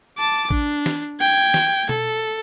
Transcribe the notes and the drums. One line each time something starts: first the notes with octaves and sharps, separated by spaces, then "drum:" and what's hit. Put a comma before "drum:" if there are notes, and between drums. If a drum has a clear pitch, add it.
A5 D6
D4, drum: kick A1
drum: snare
G5 G#6
drum: snare
A4, drum: tom B2